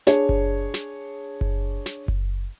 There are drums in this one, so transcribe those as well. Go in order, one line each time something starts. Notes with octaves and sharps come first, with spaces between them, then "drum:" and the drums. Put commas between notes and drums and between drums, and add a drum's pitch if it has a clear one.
D4 G#4 C#5, drum: snare
drum: kick F#1
drum: snare
drum: kick F#1
drum: snare
drum: kick F#1